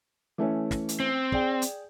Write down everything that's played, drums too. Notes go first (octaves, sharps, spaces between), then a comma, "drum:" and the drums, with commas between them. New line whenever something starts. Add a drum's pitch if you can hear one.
E3 A3 C#4
drum: snare
drum: hi-hat
C4
G#4 D5 G5, drum: kick
drum: hi-hat